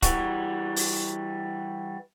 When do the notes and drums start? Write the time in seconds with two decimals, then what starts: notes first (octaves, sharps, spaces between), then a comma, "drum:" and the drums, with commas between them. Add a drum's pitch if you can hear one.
0.02 E3 G3 F#4, drum: kick, hi-hat
0.76 drum: open hi-hat